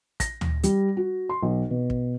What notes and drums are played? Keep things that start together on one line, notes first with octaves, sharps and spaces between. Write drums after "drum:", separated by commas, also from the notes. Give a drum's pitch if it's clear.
A#6, drum: kick, hi-hat
drum: tom
G3, drum: hi-hat
F#4
C6
B1
B2
drum: kick